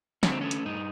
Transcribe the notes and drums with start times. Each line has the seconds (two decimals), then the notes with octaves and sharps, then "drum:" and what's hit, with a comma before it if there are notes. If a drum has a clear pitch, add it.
0.23 D3 C#4, drum: snare
0.32 C4
0.41 A3 C#4
0.51 drum: hi-hat
0.65 G2 D#4